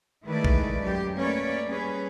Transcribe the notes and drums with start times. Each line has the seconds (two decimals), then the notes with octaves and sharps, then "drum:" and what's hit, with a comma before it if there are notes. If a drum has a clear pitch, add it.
0.25 D#3 G#3 A3 E4 B4 D5
0.45 drum: kick
0.83 F#2 G4
1.15 A3 A#3 C#4 B4 C#5 D5
1.67 G3 C#4 G#4 B4